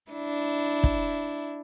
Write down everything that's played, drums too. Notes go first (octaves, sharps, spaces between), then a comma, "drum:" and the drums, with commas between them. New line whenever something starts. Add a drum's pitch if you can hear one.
D4 E4
drum: kick